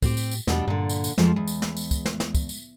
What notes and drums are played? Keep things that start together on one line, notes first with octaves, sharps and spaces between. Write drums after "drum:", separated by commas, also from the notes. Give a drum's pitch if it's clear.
A2 C4 G4, drum: kick, tambourine
drum: tambourine
drum: tambourine
E2 B2 G3 D4, drum: snare
G2 A#2 D3
drum: tambourine
drum: tambourine
F2 F3 G#3, drum: snare
E2
drum: tambourine
drum: snare
drum: tambourine
drum: kick, tambourine
drum: snare
drum: snare
drum: kick, tambourine
drum: tambourine